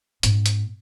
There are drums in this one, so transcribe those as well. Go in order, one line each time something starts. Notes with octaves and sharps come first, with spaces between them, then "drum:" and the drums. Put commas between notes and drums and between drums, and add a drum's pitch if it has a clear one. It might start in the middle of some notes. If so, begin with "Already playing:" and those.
G#2 B3, drum: hi-hat
drum: hi-hat